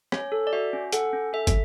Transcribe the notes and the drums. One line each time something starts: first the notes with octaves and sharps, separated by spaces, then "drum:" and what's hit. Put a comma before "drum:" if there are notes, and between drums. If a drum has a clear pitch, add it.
C#4 C#5, drum: rim click
A4
D5
F#4 E5
C#4
A4 F#5, drum: hi-hat
C#4
A4 E5
drum: kick, hi-hat